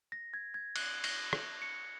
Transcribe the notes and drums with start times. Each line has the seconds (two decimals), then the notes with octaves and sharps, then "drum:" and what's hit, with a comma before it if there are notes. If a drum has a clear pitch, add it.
0.12 A#6
0.34 G#6
0.54 G#6
0.76 F#6, drum: cymbal
1.04 A#6, drum: cymbal
1.33 drum: rim click
1.62 C#7